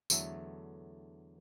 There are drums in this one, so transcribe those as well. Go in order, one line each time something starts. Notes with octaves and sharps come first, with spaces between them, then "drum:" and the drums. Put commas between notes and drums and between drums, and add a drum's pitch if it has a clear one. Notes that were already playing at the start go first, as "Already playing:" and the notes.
E2 D3 F#3 A3 E5, drum: tambourine